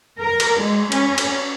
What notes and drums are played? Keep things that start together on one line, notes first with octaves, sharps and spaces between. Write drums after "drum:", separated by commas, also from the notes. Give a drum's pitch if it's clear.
A#4
drum: cymbal
G#3
C#4, drum: cymbal
drum: cymbal